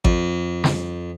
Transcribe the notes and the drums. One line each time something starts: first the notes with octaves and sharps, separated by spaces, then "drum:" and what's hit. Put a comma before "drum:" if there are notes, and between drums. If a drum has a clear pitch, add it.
F2, drum: kick A1
drum: snare